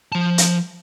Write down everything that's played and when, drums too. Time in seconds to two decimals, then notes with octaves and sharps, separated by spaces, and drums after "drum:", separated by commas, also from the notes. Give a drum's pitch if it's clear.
0.12 F3 A5
0.38 drum: hi-hat